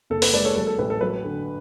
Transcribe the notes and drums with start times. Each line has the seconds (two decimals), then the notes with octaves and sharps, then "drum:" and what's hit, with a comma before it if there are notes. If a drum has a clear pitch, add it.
0.10 F#1 A4
0.22 B4, drum: open hi-hat
0.33 G#3 B4 D5
0.45 A4 C#5
0.55 F#3 A4
0.67 A4
0.78 A1 B4
0.90 A4
1.01 F#3 B4
1.24 D3